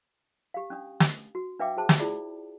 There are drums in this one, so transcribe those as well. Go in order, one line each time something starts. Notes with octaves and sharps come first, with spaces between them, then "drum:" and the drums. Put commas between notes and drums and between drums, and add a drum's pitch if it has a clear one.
G4 F5
C#4 D4 D#6
drum: snare
F#4
D4 B4 E5 F5 G5 D6
F#4 G#4 C5 A5
drum: snare
E4 F4 G#4 D5